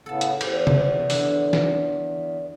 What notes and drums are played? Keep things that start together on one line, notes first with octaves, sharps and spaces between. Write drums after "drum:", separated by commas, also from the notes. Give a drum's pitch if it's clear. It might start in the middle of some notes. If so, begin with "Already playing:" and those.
A2 C#3 B3 A4 A5
drum: hi-hat
E2 G4 C5, drum: cymbal
F3 C5, drum: tom C3
D3, drum: open hi-hat
drum: snare